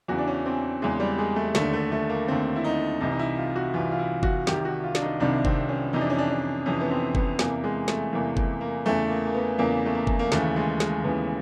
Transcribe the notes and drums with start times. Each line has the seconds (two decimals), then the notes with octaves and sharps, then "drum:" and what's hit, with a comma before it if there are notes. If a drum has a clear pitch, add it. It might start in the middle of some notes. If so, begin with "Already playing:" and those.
0.08 E2 C#3 E3 F#4
0.18 D4
0.27 C#4
0.46 C4
0.82 E2 C#3 E3 G#3
1.00 G3
1.18 G#3
1.36 A3
1.55 D#2 D3 A3, drum: snare
1.73 A3
1.92 A3
2.09 A#3
2.28 D#2 D3 C4
2.56 E4
2.64 D#4
3.01 C2 C3 E3 D#4
3.11 D#4
3.19 E4
3.37 F4
3.56 F#4
3.74 C2 C3 E3 F4
3.92 F4
3.99 E4
4.23 F#4, drum: kick F#1
4.47 C2 C3 D#3 G4, drum: snare
4.65 F#4
4.83 F4
4.95 D4, drum: snare
5.01 D#4
5.20 C2 C3 D#3 D4
5.45 C4, drum: kick F#1
5.69 C#4
5.93 F2 C3 E3 D#4
6.01 D4
6.10 C#4
6.18 D4
6.29 D4
6.66 F2 C3 E3 C#4
6.80 B3
6.91 C4
7.15 B3, drum: kick F#1
7.39 E2 C3 E3 A#3, drum: snare
7.64 G#3
7.88 A3, drum: snare
8.13 E2 C3 E3 A#3
8.37 drum: kick F#1
8.61 A#3
8.85 E2 C#3 E3 A3
9.09 A#3
9.26 A#3
9.34 B3
9.58 E2 C#3 E3 A#3
9.86 A3
9.95 A#3
10.07 drum: kick F#1
10.19 A#3
10.32 D#2 C#3 E3 A3, drum: snare
10.56 G#3
10.80 G#3, drum: snare
11.04 D#2 C#3 E3 B3